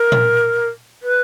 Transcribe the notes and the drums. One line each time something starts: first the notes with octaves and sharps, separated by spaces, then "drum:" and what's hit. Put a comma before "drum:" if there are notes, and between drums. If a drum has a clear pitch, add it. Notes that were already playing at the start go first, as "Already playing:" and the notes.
Already playing: A#4
drum: tom A#2
B4